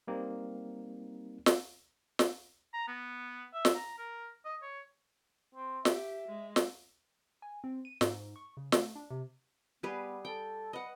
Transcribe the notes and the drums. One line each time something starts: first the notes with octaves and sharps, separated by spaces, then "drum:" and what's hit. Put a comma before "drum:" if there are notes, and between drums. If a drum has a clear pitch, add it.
G3 A#3 C4 D#4
drum: snare
drum: snare
A#5
B3
E5
drum: snare
A#5
A#4
D#5
C#5
C4
G4 E5, drum: snare
G#3
drum: snare
G#5
C4
D#7
G#2, drum: snare
C#6
C#3
A3, drum: snare
D4
C3
G3 B3 G#4 B4
A4 G5
B4 D#5 F#5